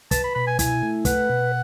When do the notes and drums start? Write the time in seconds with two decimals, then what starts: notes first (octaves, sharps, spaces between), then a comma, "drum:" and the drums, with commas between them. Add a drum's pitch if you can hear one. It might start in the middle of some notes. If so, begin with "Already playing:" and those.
0.11 B4 A5, drum: kick, hi-hat
0.24 B5
0.35 B2 B5
0.47 G#5
0.59 E4 G#5, drum: kick, hi-hat
0.83 A3
1.05 B4 F#5, drum: kick, hi-hat
1.29 B2